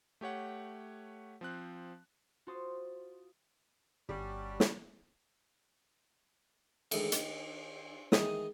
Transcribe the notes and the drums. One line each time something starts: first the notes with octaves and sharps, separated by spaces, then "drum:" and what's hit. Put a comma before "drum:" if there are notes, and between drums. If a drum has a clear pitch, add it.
A3 G4 C#5 F#5
F3 C4 F#6
F4 F#4 C5 A5 C6 D#6
G1 G3 C#4 F#4 G4 A5
drum: snare
D#3 E3 G#3 A3, drum: cymbal
D#3, drum: hi-hat
D#3 E3 G#3 D#4 D#6, drum: snare